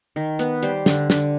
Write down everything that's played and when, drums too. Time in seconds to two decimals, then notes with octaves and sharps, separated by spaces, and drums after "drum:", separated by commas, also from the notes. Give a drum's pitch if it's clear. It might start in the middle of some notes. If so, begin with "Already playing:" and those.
0.16 D#3
0.39 B3 B4, drum: hi-hat
0.63 G3 C5, drum: hi-hat
0.86 D3, drum: snare
1.10 D3, drum: snare